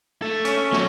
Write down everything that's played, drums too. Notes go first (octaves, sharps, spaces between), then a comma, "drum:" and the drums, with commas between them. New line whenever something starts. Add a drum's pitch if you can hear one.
A3 A4
C#4, drum: hi-hat
F#3 A3, drum: snare